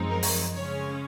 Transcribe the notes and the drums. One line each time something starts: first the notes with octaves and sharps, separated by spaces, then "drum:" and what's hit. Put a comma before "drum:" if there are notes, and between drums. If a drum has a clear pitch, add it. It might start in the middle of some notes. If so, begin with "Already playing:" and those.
Already playing: F#2 F3 G#3 C4 D#4
A#4
drum: open hi-hat
C#3 G#3 C#4 C#5